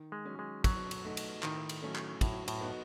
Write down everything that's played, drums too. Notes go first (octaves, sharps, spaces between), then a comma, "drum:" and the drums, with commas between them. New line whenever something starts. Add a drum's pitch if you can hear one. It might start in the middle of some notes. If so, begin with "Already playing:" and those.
Already playing: D#3
G#3
F#3 C#4
G#3
B2 F#3, drum: kick, cymbal
drum: cymbal
A3 D#4 F#4
drum: cymbal
A2 D#3, drum: clap
drum: cymbal
F#3 A3 C#4
drum: clap
A2 F#3, drum: kick, cymbal
A2, drum: cymbal
B3 D#4 F#4